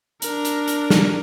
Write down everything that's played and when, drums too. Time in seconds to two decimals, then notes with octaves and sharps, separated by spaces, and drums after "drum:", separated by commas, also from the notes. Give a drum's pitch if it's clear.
0.22 D4 A#4, drum: hi-hat
0.45 drum: hi-hat
0.68 drum: hi-hat
0.90 drum: snare